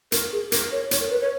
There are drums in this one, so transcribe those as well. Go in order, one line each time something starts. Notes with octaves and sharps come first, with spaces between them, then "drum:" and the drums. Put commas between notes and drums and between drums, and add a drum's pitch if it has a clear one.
A#4, drum: hi-hat
G#4
A#4, drum: hi-hat
C#5
C#5, drum: hi-hat
A#4
B4
C#5